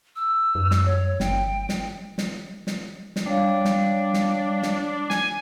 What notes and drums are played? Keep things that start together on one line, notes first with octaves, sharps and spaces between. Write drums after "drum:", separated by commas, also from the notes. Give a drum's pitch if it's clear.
E6
F#2
drum: snare
C#5
G1 G5, drum: snare
drum: snare
drum: snare
drum: snare
drum: snare
G3 D4 C#5 F5
drum: snare
drum: snare
drum: snare
G#5, drum: snare